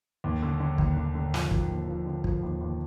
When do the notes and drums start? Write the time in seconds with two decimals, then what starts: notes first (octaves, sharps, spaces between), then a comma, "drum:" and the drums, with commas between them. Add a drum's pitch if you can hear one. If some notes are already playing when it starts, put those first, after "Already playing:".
0.24 D#2
0.42 D3
0.60 D3
0.78 D#2, drum: kick
0.97 D3
1.15 D3
1.34 F3, drum: snare
1.51 F3, drum: kick
1.69 D#2
1.88 F3
2.06 D3
2.24 F3, drum: kick
2.43 D#2
2.61 D#2